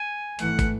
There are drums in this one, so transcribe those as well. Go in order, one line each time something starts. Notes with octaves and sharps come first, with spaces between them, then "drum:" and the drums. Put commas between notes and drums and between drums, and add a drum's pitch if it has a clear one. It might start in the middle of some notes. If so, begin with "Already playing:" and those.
Already playing: G#5
G#1 G#2 E3 A3 F#5, drum: hi-hat
drum: kick, hi-hat